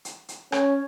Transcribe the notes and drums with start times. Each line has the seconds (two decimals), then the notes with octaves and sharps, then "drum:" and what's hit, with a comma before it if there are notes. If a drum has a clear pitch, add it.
0.05 drum: hi-hat
0.29 drum: hi-hat
0.52 C#4 C#5, drum: rim click